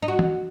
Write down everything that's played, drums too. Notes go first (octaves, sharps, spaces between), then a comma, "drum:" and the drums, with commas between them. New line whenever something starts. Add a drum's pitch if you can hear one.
D#4
F#4
drum: tom